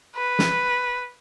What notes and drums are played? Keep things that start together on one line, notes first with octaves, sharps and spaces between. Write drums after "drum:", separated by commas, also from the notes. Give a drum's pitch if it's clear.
B4
drum: snare